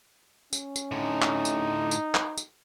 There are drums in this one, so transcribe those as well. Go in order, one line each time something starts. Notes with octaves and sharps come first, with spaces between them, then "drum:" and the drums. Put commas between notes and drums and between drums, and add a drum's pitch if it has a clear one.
C#4, drum: tambourine
drum: tambourine
A2 D3 D#4
drum: clap
drum: tambourine
drum: tambourine
drum: clap
drum: tambourine